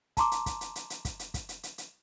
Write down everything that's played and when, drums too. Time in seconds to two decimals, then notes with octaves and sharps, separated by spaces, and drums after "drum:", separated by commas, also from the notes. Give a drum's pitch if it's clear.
0.17 A5 A#5 C6 D6, drum: kick, hi-hat
0.31 drum: hi-hat
0.46 drum: kick, hi-hat
0.61 drum: hi-hat
0.75 drum: hi-hat
0.90 drum: hi-hat
1.05 drum: kick, hi-hat
1.19 drum: hi-hat
1.34 drum: kick, hi-hat
1.49 drum: hi-hat
1.63 drum: hi-hat
1.78 drum: hi-hat